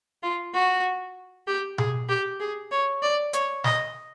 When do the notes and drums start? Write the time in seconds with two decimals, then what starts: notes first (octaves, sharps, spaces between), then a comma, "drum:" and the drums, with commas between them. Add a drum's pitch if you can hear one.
0.23 F4
0.54 F#4
1.47 G4
1.78 G#4, drum: tom B2
2.09 G4
2.40 G#4
2.71 C#5
3.02 D5
3.33 C#5, drum: hi-hat
3.64 D#5, drum: snare